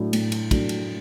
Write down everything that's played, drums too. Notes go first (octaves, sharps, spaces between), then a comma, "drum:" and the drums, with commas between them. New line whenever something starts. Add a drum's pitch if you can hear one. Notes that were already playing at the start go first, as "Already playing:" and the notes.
Already playing: A2 F#3 A3 D4
A2, drum: cymbal
drum: cymbal
F#3 A3 D4, drum: kick, cymbal
drum: cymbal